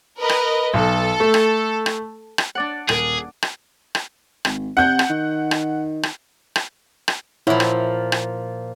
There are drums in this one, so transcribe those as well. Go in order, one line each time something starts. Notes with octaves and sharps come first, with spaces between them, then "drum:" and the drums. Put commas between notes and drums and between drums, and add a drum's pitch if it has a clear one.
A#4 B4 D#5
drum: rim click
B1 A4
A3
drum: rim click
drum: rim click
drum: rim click
D4 D5 F#5
D#1 G#4 A#4 D7, drum: rim click
drum: rim click
drum: rim click
G#1, drum: rim click
C3 F#5 G6
drum: rim click
D#3
drum: rim click
drum: rim click
drum: rim click
drum: rim click
A#2 F3 E4 C#5 F#5
drum: rim click
drum: rim click